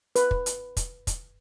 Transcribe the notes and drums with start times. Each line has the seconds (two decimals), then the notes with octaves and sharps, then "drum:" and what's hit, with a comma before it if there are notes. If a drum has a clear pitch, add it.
0.16 B4, drum: hi-hat
0.31 drum: kick
0.46 drum: hi-hat
0.77 drum: kick, hi-hat
1.07 drum: kick, hi-hat